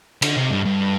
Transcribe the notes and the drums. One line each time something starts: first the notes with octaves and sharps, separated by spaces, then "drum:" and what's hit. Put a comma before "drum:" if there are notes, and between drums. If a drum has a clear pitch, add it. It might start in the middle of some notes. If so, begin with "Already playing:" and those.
D3, drum: cymbal
C3
G2
G2